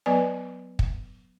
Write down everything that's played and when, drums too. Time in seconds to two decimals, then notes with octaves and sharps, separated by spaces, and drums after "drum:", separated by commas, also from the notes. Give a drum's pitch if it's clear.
0.06 F#3 B3 B4 D5 G#5
0.79 drum: kick